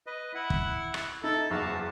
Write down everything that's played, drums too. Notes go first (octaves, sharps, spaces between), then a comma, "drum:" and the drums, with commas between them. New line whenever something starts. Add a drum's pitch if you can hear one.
B4 D#5
E4 F#5
drum: kick
drum: rim click
D#4 E4 A4
F#1 E2 F#4 F5 A5